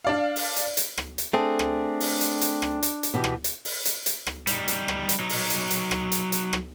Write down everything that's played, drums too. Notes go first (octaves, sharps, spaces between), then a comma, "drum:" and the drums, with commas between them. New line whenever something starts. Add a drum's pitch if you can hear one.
D4 D5 F5
drum: open hi-hat
drum: hi-hat
drum: hi-hat
drum: rim click
drum: hi-hat
A3 C4 D4 G#4 A4
drum: rim click
drum: open hi-hat
drum: hi-hat
drum: hi-hat
drum: rim click
drum: hi-hat
drum: hi-hat
B2 E3 G4
drum: rim click
drum: hi-hat
drum: open hi-hat
drum: hi-hat
drum: hi-hat
drum: rim click
G3 D#4, drum: hi-hat
drum: hi-hat
drum: rim click
drum: hi-hat
F#3 D#4
drum: open hi-hat
drum: hi-hat
drum: hi-hat
drum: rim click
drum: hi-hat
drum: hi-hat
drum: rim click